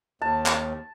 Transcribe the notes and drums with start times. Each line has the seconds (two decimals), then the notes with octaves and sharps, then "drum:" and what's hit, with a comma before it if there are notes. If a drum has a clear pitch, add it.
0.22 D#2 A5
0.46 drum: clap